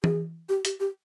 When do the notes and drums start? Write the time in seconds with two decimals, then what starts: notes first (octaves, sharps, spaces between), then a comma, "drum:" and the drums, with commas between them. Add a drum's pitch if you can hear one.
0.04 G#4, drum: tom E3
0.49 G4
0.65 G4, drum: hi-hat
0.80 G4